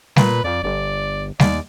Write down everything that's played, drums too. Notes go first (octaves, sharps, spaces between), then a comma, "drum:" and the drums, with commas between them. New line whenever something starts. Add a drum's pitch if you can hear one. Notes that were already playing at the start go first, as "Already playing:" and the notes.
A#2 B4, drum: snare G3
F2 D5
G1 D5
D#2 D5, drum: snare G3